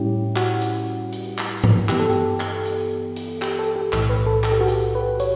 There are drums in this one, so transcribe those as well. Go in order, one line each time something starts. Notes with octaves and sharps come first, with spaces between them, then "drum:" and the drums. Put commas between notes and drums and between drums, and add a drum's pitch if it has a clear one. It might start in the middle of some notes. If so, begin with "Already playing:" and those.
Already playing: A2 G3 C#4 E4 G4
F#4, drum: clap
drum: hi-hat
drum: hi-hat
drum: clap
drum: tom G#2
G2 E3 B3 G4, drum: clap
A4
G4
drum: clap
drum: hi-hat
drum: hi-hat
G4, drum: clap
A4
G4
B1 A2 E3 A4, drum: clap
B4
A4
A4, drum: clap
G4
F#4
G4, drum: hi-hat
B4
C#5, drum: hi-hat